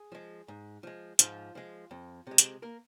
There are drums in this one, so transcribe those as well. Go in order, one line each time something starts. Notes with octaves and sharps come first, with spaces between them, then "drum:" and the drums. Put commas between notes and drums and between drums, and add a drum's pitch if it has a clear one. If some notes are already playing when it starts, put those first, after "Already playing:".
Already playing: G#4
F3 G#3
G#2
F3 G#3
G#2 F3 F4, drum: hi-hat
F3 G#3
F2
C3 G#3
drum: hi-hat
A#3 A#4